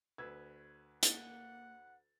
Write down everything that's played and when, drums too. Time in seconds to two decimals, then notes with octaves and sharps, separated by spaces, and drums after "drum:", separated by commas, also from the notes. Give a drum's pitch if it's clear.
0.18 D2 B4 E6 G#6
1.03 A#3 F#5 A6, drum: hi-hat